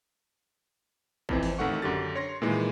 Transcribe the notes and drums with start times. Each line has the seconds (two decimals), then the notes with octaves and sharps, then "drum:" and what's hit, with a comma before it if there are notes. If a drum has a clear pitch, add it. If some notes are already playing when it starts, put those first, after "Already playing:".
1.29 F2 E3 C4, drum: kick G#1
1.43 drum: open hi-hat
1.58 A1 D#3 A3 F#5 C#6
1.82 F#2 D3 G4 A6
2.16 C#5 C6 A#6
2.42 A#2 D#3 E3 G#3